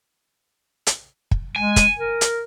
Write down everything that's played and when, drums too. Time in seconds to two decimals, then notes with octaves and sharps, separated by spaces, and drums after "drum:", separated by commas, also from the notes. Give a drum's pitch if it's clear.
0.87 drum: hi-hat
1.31 drum: kick
1.56 G#3 G#5
1.76 drum: kick, hi-hat
1.99 A#4
2.21 drum: hi-hat